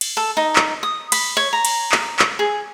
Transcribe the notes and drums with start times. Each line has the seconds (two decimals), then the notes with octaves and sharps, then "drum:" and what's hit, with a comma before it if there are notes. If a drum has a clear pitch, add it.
0.01 drum: cymbal
0.17 A4
0.37 D#4
0.56 drum: clap
0.83 D#6
1.12 B5, drum: cymbal
1.37 C#5
1.53 A#5
1.65 drum: cymbal
1.92 drum: clap
2.19 drum: clap
2.39 G#4